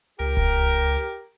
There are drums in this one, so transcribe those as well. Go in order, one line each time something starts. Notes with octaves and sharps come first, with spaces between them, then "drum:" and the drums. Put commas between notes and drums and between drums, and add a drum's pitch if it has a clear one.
C#2 G4 A#4
drum: kick D1